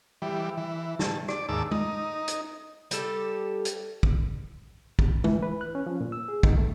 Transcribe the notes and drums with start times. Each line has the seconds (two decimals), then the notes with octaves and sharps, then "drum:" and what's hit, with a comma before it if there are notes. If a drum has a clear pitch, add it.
0.22 E3 G3
0.57 E3
0.99 A5, drum: snare
1.28 D5, drum: rim click
1.49 D#2 G#2 A5 D6 E6
1.71 D#4, drum: tom G#3
2.28 drum: hi-hat
2.91 G3 G4 A4, drum: hi-hat
3.65 drum: hi-hat
4.03 drum: kick
4.99 drum: kick
5.24 E3, drum: tom G#3
5.43 B4
5.61 F#6
5.75 C#4
5.86 F3
6.01 A#2
6.12 E6
6.28 G#4
6.43 D#4, drum: kick
6.58 A3